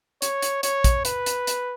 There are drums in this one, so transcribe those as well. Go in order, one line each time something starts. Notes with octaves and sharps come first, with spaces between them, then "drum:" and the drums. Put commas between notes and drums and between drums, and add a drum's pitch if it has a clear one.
C#5, drum: hi-hat
drum: hi-hat
C#5, drum: hi-hat
drum: kick A#1, hi-hat
B4, drum: hi-hat
drum: hi-hat
drum: hi-hat